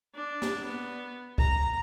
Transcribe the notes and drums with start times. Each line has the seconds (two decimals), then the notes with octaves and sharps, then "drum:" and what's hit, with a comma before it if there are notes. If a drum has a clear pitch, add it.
0.15 D4
0.42 drum: snare
0.65 B3
1.38 A#5, drum: kick C2